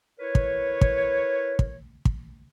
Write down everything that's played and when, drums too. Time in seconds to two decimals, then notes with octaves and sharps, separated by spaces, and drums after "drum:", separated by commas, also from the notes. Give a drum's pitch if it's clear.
0.19 E4 A#4 B4 C#5
0.35 drum: kick
0.81 drum: kick
1.59 drum: kick
2.05 drum: kick